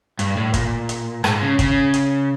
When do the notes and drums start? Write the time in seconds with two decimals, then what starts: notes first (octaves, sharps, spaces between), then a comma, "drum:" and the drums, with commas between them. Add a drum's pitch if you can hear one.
0.19 G2, drum: hi-hat
0.37 A2
0.54 A#2, drum: kick, hi-hat
0.89 drum: hi-hat
1.24 G#2, drum: rim click
1.41 C#3
1.59 C#3, drum: kick, hi-hat
1.94 drum: hi-hat